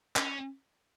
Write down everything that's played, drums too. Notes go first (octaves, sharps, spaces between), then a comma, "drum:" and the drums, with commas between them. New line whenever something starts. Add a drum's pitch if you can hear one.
C#4, drum: clap